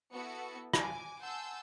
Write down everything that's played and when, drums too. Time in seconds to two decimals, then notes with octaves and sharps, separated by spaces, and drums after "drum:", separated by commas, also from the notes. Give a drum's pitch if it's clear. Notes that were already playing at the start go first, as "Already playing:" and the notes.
0.12 B3 E4 F#4 A4 C#7
0.74 G#5 D6, drum: rim click
1.19 F#5 G#5 A5 C6 E6 G6